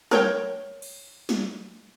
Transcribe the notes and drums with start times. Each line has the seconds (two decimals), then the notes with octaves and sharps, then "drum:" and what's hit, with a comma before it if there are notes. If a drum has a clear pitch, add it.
0.11 A#4 C#5 G5, drum: snare
0.82 drum: cymbal
1.29 drum: snare